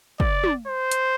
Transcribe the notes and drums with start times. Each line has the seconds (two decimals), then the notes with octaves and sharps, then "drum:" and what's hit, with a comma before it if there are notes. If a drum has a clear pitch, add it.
0.20 D5, drum: kick
0.44 drum: tom
0.67 C5
0.92 drum: hi-hat